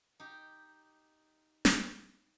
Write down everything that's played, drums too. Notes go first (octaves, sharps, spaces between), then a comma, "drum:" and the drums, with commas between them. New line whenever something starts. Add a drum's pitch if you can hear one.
D#4 G4
drum: snare